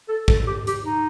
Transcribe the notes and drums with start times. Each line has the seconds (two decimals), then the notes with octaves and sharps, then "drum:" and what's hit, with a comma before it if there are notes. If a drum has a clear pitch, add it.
0.09 A4
0.28 A4, drum: kick
0.47 G4
0.67 G4, drum: hi-hat
0.85 D#4